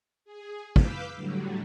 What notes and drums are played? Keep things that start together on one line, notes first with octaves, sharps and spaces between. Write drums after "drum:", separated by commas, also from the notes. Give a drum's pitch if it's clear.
G#4
B4 F5 D6 E6 G6 B6, drum: kick
A2 D3 F#3 G3